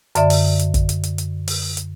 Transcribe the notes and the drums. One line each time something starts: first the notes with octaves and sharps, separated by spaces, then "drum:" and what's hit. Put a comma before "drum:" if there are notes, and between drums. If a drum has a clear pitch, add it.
F#2 D3 D5 E5, drum: hi-hat
drum: open hi-hat
drum: hi-hat
drum: kick, hi-hat
drum: hi-hat
drum: hi-hat
drum: hi-hat
drum: open hi-hat
drum: hi-hat